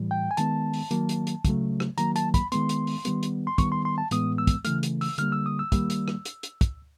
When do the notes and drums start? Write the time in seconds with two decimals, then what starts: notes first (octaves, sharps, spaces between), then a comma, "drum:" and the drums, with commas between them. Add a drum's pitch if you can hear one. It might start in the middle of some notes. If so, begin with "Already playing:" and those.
Already playing: A2 E3 G3
0.11 G5
0.31 G#5
0.37 D#3 G#3 B3 A5, drum: hi-hat
0.73 drum: open hi-hat
0.91 D#3 F#3 A#3, drum: hi-hat
1.09 drum: hi-hat
1.27 drum: hi-hat
1.45 C#3 F#3 A3, drum: kick, hi-hat
1.80 drum: rim click
1.98 D#3 F#3 A#3 A#5, drum: hi-hat
2.16 A5, drum: hi-hat
2.34 B5, drum: kick, hi-hat
2.52 D#3 G#3 B3 C6, drum: hi-hat
2.69 drum: hi-hat
2.87 drum: open hi-hat
3.05 D#3 G3 B3, drum: hi-hat
3.23 drum: hi-hat
3.47 C6
3.58 D#3 G3 B3 C#6, drum: kick, hi-hat
3.72 C6
3.85 C6
3.98 A5
4.11 A2 E3 G#3 B3 D#6, drum: hi-hat
4.38 E6
4.47 drum: kick, hi-hat
4.65 C#3 E3 A3 F6, drum: hi-hat
4.83 drum: hi-hat
5.01 E6, drum: open hi-hat
5.18 D3 G3 A#3 F6, drum: hi-hat
5.32 E6
5.46 D#6
5.59 E6
5.72 D#3 G3 A#3, drum: kick, hi-hat
5.90 drum: hi-hat
6.08 drum: rim click
6.25 drum: hi-hat
6.43 drum: hi-hat
6.61 drum: kick, hi-hat